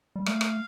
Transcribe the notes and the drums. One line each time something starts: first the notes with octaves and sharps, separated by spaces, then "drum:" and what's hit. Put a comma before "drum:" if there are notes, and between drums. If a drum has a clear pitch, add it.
G3
A3 F5, drum: rim click
drum: rim click